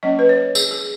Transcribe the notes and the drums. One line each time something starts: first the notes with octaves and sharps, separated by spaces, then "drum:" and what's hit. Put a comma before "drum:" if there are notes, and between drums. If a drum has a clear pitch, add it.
F#3 A#3 C#4 D#5
B4
C#5
G#4, drum: tambourine
G#4